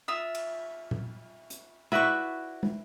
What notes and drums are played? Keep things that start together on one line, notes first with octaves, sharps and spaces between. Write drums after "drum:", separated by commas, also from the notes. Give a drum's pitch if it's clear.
F4 E5 D#6
drum: cymbal
drum: tom A#2
drum: hi-hat
E4 F#4 B4 D5 C#6
drum: tom